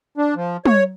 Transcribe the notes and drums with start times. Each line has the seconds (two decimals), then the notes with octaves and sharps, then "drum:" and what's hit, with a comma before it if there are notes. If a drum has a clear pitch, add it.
0.18 D4
0.36 F3
0.65 C#5, drum: tom